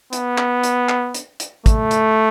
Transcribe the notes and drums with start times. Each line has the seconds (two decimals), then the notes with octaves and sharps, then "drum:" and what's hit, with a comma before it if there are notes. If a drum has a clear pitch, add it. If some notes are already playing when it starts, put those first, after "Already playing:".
0.13 B3, drum: hi-hat
0.38 drum: clap
0.63 drum: hi-hat
0.89 drum: clap
1.14 drum: hi-hat
1.40 drum: hi-hat
1.66 A3, drum: kick, hi-hat
1.91 drum: hi-hat